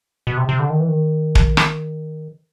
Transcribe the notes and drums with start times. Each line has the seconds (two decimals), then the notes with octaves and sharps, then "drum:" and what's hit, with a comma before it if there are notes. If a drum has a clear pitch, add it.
0.27 B2
0.37 C3
0.49 C3
0.59 D3
0.70 D#3
0.80 E3
0.88 D#3
1.35 drum: kick
1.57 drum: rim click